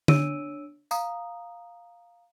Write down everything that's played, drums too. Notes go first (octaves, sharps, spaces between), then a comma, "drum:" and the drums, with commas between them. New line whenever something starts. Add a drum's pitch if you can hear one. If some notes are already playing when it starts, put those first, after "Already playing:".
D4 C#5 E6 D7 D#7, drum: tom
F5 A#5 D#6, drum: tambourine